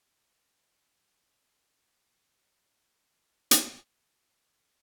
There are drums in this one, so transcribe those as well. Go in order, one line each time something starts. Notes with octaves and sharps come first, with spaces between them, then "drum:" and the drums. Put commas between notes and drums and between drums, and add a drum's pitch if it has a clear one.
A#5 F6 A#6 C#7
E4
E3 D4 G4
drum: hi-hat